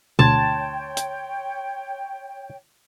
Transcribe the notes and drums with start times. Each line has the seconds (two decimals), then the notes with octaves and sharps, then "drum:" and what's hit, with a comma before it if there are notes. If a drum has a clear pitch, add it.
0.19 D2 C#5 G5 A5 C6 G#6 A6, drum: tom B2
0.97 drum: hi-hat